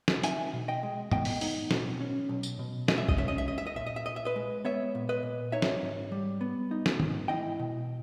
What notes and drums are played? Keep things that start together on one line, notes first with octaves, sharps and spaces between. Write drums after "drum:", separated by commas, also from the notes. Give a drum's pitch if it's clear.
drum: snare
D#4 E5 G#5, drum: hi-hat
B2
D#5 G5
G#3
B3 D#5 G5, drum: tom G#2
drum: open hi-hat
D#4, drum: open hi-hat
B2, drum: snare
C#4
B1
drum: tambourine
B2
G#3 D#5, drum: snare
E5
D#5, drum: kick A#1
C#4 E5
D#5
E5
B1 D#5
E5
D#5
A#2 E5
D#5
E5
A#2 D#5
E5
B4 D#5
G#3
B3 C#5 E5
A#2
B4 D#5
A#2
D#4 C#5 E5
drum: snare
G#2
G3
B3
D#4
drum: snare
G#2, drum: tom
E4 D#5 G5
B2